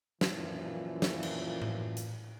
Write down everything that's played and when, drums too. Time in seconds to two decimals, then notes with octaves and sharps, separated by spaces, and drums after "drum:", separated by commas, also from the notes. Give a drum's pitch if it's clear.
0.21 F#2 A#2 E3 F3, drum: snare
1.02 drum: snare
1.23 drum: cymbal
1.62 drum: tom A2
1.97 drum: hi-hat